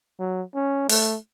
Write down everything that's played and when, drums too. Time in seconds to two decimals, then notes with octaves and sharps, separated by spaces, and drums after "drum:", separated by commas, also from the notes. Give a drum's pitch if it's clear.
0.20 F#3
0.55 C#4
0.89 A3, drum: open hi-hat